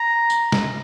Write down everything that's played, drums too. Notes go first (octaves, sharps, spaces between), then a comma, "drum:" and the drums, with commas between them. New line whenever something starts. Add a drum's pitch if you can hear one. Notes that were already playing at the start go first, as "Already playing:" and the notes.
Already playing: A#5
drum: tambourine
drum: snare